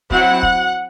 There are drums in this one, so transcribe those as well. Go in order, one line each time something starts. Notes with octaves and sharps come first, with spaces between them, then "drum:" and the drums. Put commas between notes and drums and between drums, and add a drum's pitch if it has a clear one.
F#3 C4 E4 F#5, drum: kick
drum: kick